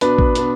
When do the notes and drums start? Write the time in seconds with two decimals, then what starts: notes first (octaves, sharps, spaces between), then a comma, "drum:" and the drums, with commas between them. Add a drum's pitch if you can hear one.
0.01 B2 B3 D4 B4, drum: hi-hat
0.18 drum: kick A1
0.35 B2 B3 D4, drum: hi-hat